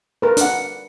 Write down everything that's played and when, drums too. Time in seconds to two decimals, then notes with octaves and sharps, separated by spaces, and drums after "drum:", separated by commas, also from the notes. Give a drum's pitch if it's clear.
0.22 A#4 B4
0.37 D4 F#5, drum: hi-hat